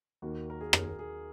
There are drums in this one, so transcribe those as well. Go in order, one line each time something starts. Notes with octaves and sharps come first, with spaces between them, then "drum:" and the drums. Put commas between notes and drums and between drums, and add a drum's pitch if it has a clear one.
D#2 D#3 A#3 F#4
A#4
G#4
drum: rim click
G#4